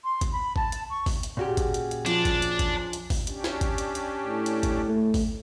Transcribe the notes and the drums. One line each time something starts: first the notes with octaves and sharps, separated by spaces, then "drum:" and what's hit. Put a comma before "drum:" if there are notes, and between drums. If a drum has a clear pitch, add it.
C6
drum: kick G#1, hi-hat
B5
A5, drum: kick G#1
drum: hi-hat
C#6
drum: kick G#1, open hi-hat
drum: hi-hat
A#2 C#3 F#4 G4
drum: kick G#1, hi-hat
drum: hi-hat
drum: hi-hat
F3 D4, drum: hi-hat
drum: kick G#1, hi-hat
drum: hi-hat
drum: kick G#1, hi-hat
drum: hi-hat
drum: kick G#1, open hi-hat
C#4 D4 G4, drum: hi-hat
drum: snare
drum: kick G#1, hi-hat
drum: hi-hat
drum: hi-hat
A2
drum: hi-hat
drum: kick G#1, hi-hat
A3
drum: kick G#1, open hi-hat